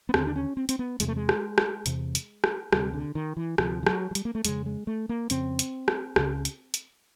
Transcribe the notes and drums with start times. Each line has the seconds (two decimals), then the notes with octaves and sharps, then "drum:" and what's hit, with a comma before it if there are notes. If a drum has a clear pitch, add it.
0.09 B3
0.14 D#2 D3 C4, drum: rim click
0.27 D4
0.36 C#4
0.57 C4
0.69 C4, drum: hi-hat
0.79 B3
1.00 E2 C3 G#3, drum: hi-hat
1.08 A3
1.16 G#3
1.29 drum: rim click
1.58 drum: rim click
1.86 E2 C3, drum: hi-hat
2.15 drum: hi-hat
2.44 drum: rim click
2.73 D2 C3 G3, drum: rim click
2.94 D3
3.15 D#3
3.37 E3
3.58 D2 C3 F3, drum: rim click
3.83 F3
3.87 F#3, drum: rim click
4.11 F#3
4.15 G3, drum: hi-hat
4.25 A#3
4.35 A3
4.45 F2 C#3 G#3, drum: hi-hat
4.66 G#3
4.87 A3
5.09 A#3
5.30 F2 C#3 C4, drum: hi-hat
5.59 drum: hi-hat
5.88 drum: rim click
6.16 C#2 C#3, drum: rim click
6.45 drum: hi-hat
6.74 drum: hi-hat